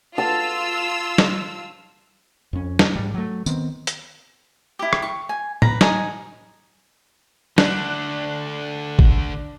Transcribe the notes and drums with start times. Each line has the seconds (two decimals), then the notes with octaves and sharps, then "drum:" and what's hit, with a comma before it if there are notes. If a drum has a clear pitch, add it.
0.18 F4 A5 E6
1.18 drum: snare
2.53 F2 C#4
2.79 drum: snare
2.96 G#2 G3
3.14 F#3 A3
3.46 D#3 B3 C4, drum: tambourine
3.87 drum: hi-hat
4.79 E4 G4
4.93 drum: rim click
5.02 C#6
5.29 G#5
5.62 B4 A#5, drum: tom A2
5.81 D#4 G#5 D#6, drum: snare
7.58 D3 A3 D4 F#6, drum: snare
8.99 drum: kick G#1